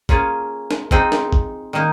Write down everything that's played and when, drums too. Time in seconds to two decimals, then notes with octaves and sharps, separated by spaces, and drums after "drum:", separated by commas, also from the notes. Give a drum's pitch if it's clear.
0.09 A#3 C#4 F4 G#4 C#5, drum: kick G1
0.71 drum: snare
0.91 F3 C4 D#4 G#4, drum: kick G1
1.12 drum: snare
1.33 drum: kick G1
1.73 D#3 A#3 D#4